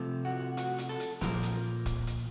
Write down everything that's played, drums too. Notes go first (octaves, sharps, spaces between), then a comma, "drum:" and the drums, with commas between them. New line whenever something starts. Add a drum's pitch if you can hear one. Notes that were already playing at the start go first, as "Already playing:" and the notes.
Already playing: C3 F3 A3
F#4
F#4, drum: hi-hat
drum: hi-hat
A4
drum: hi-hat
A#2 F3 A#3 A#4, drum: snare
drum: hi-hat
drum: kick, hi-hat
drum: hi-hat